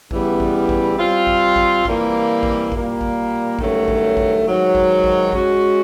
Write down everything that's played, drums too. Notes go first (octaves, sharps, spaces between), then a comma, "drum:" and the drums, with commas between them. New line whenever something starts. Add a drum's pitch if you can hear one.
C#3 E3 G3 B3 E4, drum: kick G#1
drum: kick G#1
drum: kick G#1
G3 C4 F4
drum: kick G#1
drum: kick G#1
C3 E3 G3 A#3, drum: kick G#1
drum: kick G#1
A#2 G3 A#3, drum: kick G#1
drum: kick G#1
G2 D#3 F#3 A3 C#4, drum: kick G#1
drum: kick G#1
drum: kick G#1
G#2 D#3 F#3
drum: kick G#1
drum: kick G#1
G#3 C#4 F#4, drum: kick G#1